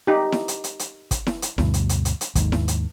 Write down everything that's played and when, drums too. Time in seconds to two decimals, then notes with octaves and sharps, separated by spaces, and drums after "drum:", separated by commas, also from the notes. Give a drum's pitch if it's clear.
0.07 D#4 G4
0.32 drum: snare E4
0.48 drum: hi-hat
0.64 drum: hi-hat
0.79 drum: hi-hat
1.11 drum: kick, hi-hat
1.27 drum: snare E4
1.42 drum: hi-hat
1.58 D2 G2 B2, drum: snare E4
1.74 drum: hi-hat
1.89 drum: hi-hat
2.05 drum: hi-hat
2.21 drum: hi-hat
2.35 D#2 G#2, drum: kick, hi-hat
2.52 drum: snare E4
2.68 drum: hi-hat